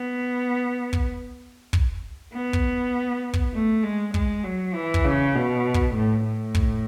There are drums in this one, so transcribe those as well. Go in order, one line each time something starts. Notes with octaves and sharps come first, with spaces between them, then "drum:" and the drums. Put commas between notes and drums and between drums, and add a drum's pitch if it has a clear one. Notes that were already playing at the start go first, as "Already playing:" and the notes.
Already playing: B3
drum: kick
drum: kick
B3
drum: kick
drum: kick
A3
G#3
G#3, drum: kick
F#3
E3
drum: kick
C#3
B2
drum: kick
A2
A2
drum: kick